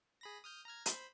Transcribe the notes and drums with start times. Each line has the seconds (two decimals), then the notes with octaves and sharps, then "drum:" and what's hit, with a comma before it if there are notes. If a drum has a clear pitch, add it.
0.21 G#4 B5 A#6
0.44 D#6 F6 G6
0.65 A#5 F6 G#6
0.86 C5 B5, drum: hi-hat